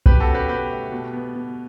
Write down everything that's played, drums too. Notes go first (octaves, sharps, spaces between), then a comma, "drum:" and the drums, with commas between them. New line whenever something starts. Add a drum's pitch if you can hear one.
B2 G4 B4, drum: kick B1
F#4 A4
C#4
G4 B4
B2 G4 B4
A3
B2
B3
B2